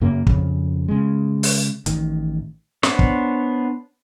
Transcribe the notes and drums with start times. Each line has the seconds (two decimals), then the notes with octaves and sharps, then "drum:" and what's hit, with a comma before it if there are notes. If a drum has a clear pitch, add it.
0.01 F#2 C#3 A#3
0.27 F2 C#3, drum: kick
0.88 C#3 G#3
1.43 drum: open hi-hat
1.86 A1 D#3, drum: hi-hat
2.83 B3 D4 C5 C#5, drum: snare
2.99 drum: kick